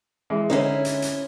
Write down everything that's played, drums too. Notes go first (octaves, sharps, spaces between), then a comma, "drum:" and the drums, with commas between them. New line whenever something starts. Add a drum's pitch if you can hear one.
E3 G#3
D3 G#3 C#4 D#4 E4 C5
drum: hi-hat
drum: hi-hat